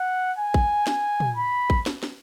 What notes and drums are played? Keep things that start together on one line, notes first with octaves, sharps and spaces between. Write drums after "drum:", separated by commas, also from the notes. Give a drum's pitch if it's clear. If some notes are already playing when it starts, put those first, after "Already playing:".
Already playing: F#5
G#5
drum: kick
G#5, drum: snare
drum: tom
B5
drum: kick
drum: snare
drum: snare